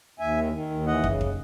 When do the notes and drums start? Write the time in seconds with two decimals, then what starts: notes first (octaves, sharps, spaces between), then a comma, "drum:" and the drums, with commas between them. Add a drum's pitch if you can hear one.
0.19 D#2 E5 G#5
0.36 D#3
0.53 D#3
0.70 D#2
0.87 E3 D#5 F#5
1.04 C#3, drum: kick
1.21 drum: kick